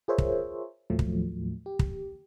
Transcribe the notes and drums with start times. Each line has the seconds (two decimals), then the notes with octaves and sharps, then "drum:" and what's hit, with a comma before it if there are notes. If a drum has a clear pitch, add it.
0.08 F4 G#4 A#4 C5 C#5 E5
0.18 drum: kick
0.90 D#2 A2 F3 F#3 A3
0.99 drum: kick
1.66 G4
1.79 drum: kick